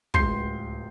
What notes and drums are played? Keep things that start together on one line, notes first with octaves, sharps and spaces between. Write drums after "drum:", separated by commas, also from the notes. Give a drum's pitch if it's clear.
D1 C#2 C6 G6 C7, drum: kick